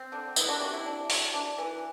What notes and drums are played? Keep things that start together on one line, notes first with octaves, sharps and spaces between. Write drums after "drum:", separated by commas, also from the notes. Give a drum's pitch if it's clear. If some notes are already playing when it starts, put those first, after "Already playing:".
Already playing: C4
D3 D4
B3 E4, drum: tambourine
D4 F#4
C3 D4 F#4
E4
D4
F#3, drum: open hi-hat
D4
E3